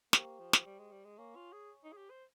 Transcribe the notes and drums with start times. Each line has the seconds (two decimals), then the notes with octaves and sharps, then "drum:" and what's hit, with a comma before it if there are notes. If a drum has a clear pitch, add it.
0.13 A#3 G4 C5 G5 C#6, drum: snare
0.39 F3
0.53 drum: snare
0.66 G3
0.79 G#3
0.92 G3
1.05 G#3
1.18 A#3 C#5 G#5 C#6
1.36 F4
1.53 G#4
1.84 D#4
1.92 G#4
1.97 G4
2.10 C5